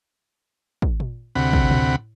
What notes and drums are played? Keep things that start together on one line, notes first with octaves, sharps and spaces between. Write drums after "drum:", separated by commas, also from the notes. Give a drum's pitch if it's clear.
drum: kick
drum: tom A#2
D2 C3 F#5 B5
drum: kick
drum: tom A2